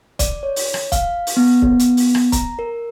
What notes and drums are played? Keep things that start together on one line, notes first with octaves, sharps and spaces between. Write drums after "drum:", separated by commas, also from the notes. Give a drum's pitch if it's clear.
D5, drum: kick C#1, hi-hat
C#5
drum: open hi-hat
drum: rim click
F5, drum: kick C#1, hi-hat
drum: open hi-hat
B3
drum: kick C#1
drum: hi-hat
drum: open hi-hat
drum: rim click
A#5, drum: kick C#1, hi-hat
A#4